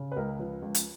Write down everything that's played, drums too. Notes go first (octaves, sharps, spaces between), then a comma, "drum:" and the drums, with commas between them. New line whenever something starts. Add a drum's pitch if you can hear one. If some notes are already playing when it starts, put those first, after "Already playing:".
Already playing: C#3
B4
C#2 A#4
F3 B4
C#2
drum: hi-hat